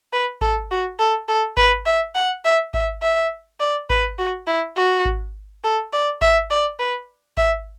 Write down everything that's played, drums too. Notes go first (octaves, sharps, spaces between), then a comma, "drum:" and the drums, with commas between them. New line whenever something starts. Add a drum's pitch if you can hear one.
B4
A4, drum: kick G#1
F#4
A4
A4
B4, drum: kick G#1
E5
F#5
E5
E5, drum: kick G#1
E5
D5
B4, drum: kick G#1
F#4
E4
F#4
drum: kick G#1
A4
D5
E5, drum: kick G#1
D5
B4
E5, drum: kick G#1